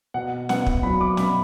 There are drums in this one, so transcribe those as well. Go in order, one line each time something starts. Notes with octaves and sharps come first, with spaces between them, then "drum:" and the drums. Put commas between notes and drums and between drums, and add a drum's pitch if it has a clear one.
B2 F#5
B3 F#5, drum: snare
drum: kick
F#3 B5
D6
B2 B5, drum: snare